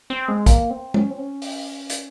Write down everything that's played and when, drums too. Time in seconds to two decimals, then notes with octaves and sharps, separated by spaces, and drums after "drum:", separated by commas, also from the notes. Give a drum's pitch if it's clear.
0.10 C4
0.28 G#3
0.46 A#3, drum: kick, hi-hat
0.71 C4
0.94 C#4, drum: tom
1.10 C4
1.18 C#4
1.42 drum: open hi-hat
1.90 drum: hi-hat